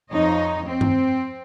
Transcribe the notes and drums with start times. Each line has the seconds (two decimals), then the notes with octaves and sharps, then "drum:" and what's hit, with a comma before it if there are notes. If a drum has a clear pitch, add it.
0.10 F2 F3 D#4 C#5 D#5
0.65 C4
0.81 drum: tom G2